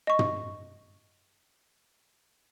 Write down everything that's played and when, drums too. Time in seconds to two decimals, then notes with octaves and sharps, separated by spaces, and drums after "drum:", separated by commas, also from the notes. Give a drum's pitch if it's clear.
0.07 D#5 C#6
0.19 drum: tom